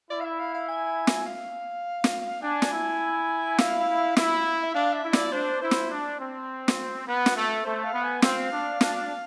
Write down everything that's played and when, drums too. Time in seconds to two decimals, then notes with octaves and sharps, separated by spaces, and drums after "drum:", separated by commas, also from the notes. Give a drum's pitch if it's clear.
0.11 E4 D5
0.20 F5
0.25 E5
0.40 F5
0.54 F5
0.68 G#5
1.07 drum: snare
1.27 F5
2.04 drum: snare
2.42 D4 G#5
2.62 drum: snare
2.72 E4
3.58 F5, drum: snare
4.17 E4 E5, drum: snare
4.63 E5
4.74 D4 F5
4.94 E5
5.04 E4
5.13 D5, drum: snare
5.32 D4 C5
5.61 E4 C5
5.71 drum: snare
5.90 D4
6.19 C4
6.68 drum: snare
7.07 B3
7.26 drum: snare
7.36 A3
7.65 A3 C5
7.84 F5
7.93 B3
8.03 G#5
8.22 C4 F5, drum: snare
8.52 D4
8.81 D4, drum: snare